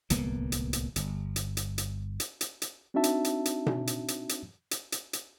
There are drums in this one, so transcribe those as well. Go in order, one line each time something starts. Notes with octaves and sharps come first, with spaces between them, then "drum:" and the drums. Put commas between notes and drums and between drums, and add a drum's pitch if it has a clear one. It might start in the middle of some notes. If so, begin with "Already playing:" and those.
D1 C2 A#3 B3, drum: hi-hat
drum: hi-hat
drum: hi-hat
G1, drum: hi-hat
drum: hi-hat
drum: hi-hat
drum: hi-hat
drum: hi-hat
drum: hi-hat
drum: hi-hat
C4 D4 D#4 F#4 E5 A5
drum: hi-hat
drum: hi-hat
drum: hi-hat
drum: tom B2
drum: hi-hat
drum: hi-hat
drum: hi-hat
drum: hi-hat
drum: hi-hat
drum: hi-hat